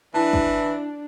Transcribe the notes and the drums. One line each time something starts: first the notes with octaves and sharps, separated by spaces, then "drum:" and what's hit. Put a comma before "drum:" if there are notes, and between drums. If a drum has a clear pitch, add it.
E3 D4 E4 A5
drum: kick